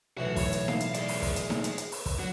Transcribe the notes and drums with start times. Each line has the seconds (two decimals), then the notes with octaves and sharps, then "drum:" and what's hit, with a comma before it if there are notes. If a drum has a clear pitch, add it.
0.17 B1 A2 E3 F#4
0.36 C#5, drum: kick, open hi-hat
0.53 drum: hi-hat
0.68 F5, drum: snare D#4
0.80 drum: hi-hat
0.94 G#4 D5, drum: hi-hat
1.08 drum: open hi-hat
1.22 drum: kick, open hi-hat
1.36 drum: hi-hat
1.50 drum: snare D#4
1.64 drum: hi-hat
1.78 drum: hi-hat
1.92 drum: open hi-hat
2.06 drum: kick, open hi-hat
2.20 F#3 F#4